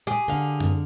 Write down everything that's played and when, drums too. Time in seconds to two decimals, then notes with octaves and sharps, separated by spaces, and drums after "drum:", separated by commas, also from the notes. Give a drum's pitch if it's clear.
0.07 G4 G#4
0.28 D3 F5
0.60 drum: tom F#2